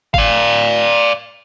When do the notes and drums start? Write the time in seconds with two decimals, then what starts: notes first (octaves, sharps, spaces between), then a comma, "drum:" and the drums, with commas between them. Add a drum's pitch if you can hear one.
0.14 D5 F5, drum: kick